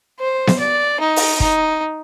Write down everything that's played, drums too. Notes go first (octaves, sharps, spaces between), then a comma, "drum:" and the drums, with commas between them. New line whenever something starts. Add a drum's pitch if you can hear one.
C5
drum: snare B3
D5
D#4
drum: open hi-hat
D#4, drum: kick